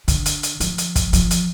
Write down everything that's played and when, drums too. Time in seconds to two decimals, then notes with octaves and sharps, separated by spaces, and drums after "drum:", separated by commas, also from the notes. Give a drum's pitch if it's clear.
0.08 D3, drum: kick, hi-hat
0.26 drum: hi-hat
0.43 drum: hi-hat
0.60 F3, drum: hi-hat
0.78 drum: hi-hat
0.96 drum: kick, hi-hat
1.13 F3, drum: kick, hi-hat
1.31 drum: hi-hat